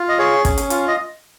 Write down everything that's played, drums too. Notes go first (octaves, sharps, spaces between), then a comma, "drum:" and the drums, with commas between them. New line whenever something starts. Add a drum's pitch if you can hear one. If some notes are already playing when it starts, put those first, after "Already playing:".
Already playing: F4
D#5
G#4 C#5
C#4, drum: kick, hi-hat
drum: hi-hat
F4, drum: hi-hat
D#5